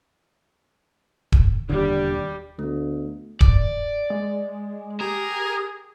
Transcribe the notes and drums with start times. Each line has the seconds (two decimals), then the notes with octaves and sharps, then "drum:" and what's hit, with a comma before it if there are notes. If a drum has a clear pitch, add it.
1.32 drum: kick D#1
1.69 E1 D#2 D3 G3
2.59 D2 A3 B3
3.41 D5, drum: kick D#1
4.10 G#3
5.01 G4 G#4 A#4